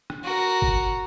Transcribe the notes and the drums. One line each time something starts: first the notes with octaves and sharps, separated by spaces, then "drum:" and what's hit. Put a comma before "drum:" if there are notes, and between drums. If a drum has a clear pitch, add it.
drum: rim click
F#4 A#4
drum: kick G1